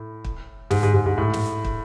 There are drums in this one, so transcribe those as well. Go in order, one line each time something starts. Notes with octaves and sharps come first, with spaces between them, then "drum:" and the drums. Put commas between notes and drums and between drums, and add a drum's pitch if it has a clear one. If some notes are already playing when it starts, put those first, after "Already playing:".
Already playing: A2
drum: kick
G#2, drum: snare
G#2
G#2
G#2
A2
drum: snare
drum: kick